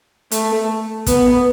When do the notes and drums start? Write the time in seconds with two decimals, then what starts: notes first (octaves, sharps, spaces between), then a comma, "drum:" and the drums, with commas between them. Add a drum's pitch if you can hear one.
0.31 A3, drum: hi-hat
1.06 B3, drum: kick, hi-hat